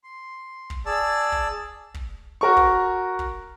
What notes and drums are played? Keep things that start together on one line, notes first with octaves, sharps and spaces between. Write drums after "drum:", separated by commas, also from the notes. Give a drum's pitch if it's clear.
C6
drum: kick
G#4 D5 A5 E6
drum: kick
drum: kick
F#4 A#4 C#6
drum: kick
drum: kick